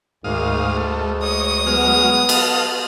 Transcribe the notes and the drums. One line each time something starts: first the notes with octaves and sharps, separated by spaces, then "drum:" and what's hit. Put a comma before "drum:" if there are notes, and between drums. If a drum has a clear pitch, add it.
D2 G#2 D#3 F5 D#6
G#3 A3
C#5 D#5 D#6
F#3 G#3 B3 F6
A4 D#5 F5, drum: cymbal